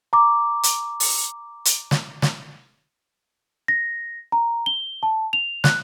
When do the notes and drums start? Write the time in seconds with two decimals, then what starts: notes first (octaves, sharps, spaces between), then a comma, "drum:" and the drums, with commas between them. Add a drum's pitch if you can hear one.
0.13 A#5 D6
0.63 drum: hi-hat
1.00 drum: open hi-hat
1.65 drum: hi-hat
1.91 drum: snare
2.22 drum: snare
3.68 A#6
4.32 A#5
4.66 G7
5.03 A5
5.33 F7
5.64 F#6, drum: snare